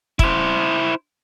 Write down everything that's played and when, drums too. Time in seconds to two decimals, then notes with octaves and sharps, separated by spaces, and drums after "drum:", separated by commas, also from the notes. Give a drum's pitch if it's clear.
0.19 E4 C5, drum: kick